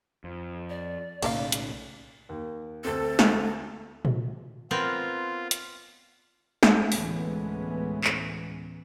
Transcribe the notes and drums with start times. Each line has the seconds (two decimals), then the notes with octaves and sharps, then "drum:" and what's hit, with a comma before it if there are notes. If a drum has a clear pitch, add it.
0.24 F2
0.70 D5
1.23 B1 A2 C#3 A#3 A#4 F5, drum: cymbal
1.52 drum: hi-hat
2.29 D#2
2.85 D2 C4 A4
3.19 drum: snare
4.05 drum: tom A#2
4.71 B3 C4 F4 A#4
5.51 drum: hi-hat
6.63 drum: snare
6.92 D2 A2 E3 G#3 B3 C#4, drum: open hi-hat
8.04 drum: clap